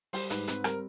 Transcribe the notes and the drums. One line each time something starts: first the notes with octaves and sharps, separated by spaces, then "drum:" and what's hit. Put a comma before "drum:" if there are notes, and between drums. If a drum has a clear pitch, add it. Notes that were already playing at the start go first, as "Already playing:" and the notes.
G3 C5, drum: open hi-hat
G#2 B4, drum: hi-hat
C4 B4, drum: hi-hat
G3 A#4, drum: rim click